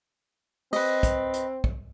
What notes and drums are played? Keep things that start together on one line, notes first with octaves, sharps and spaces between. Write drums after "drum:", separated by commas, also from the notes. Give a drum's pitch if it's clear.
C4 B4 D#5, drum: open hi-hat
drum: kick, hi-hat
drum: hi-hat
drum: kick